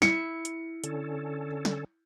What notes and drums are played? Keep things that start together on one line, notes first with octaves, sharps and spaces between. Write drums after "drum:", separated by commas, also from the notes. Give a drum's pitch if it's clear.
E4 C#7, drum: snare
drum: hi-hat
D3 C#4 A4, drum: hi-hat
drum: snare